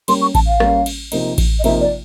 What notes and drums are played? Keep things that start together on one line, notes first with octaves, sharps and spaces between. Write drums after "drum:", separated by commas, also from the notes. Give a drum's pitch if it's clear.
G3 A#3 C#4 C6, drum: cymbal
C#6
A5, drum: kick A1, cymbal
F5
G3 A#3 C#4, drum: rim click
drum: cymbal
C3 F3 A#3 D#4, drum: cymbal
drum: kick A1, cymbal
D#5
C3 F3 A#3 D#4 E5, drum: cymbal
D5